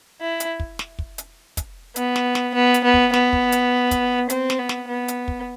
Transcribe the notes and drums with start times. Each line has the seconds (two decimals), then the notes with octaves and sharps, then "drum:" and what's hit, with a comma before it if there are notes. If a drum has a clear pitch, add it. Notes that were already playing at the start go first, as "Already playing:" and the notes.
0.21 E4
0.40 drum: hi-hat
0.60 drum: kick
0.79 drum: snare
0.99 drum: kick
1.18 drum: hi-hat
1.57 drum: kick, hi-hat
1.96 B3, drum: hi-hat
2.16 drum: snare
2.35 drum: snare
2.55 B3
2.74 drum: hi-hat
2.84 B3
2.94 drum: kick
3.14 B3, drum: snare
3.33 drum: kick
3.52 drum: hi-hat
3.91 drum: kick, hi-hat
4.30 C4, drum: hi-hat
4.50 drum: snare
4.59 B3
4.69 drum: snare
4.88 B3
5.08 drum: hi-hat
5.28 drum: kick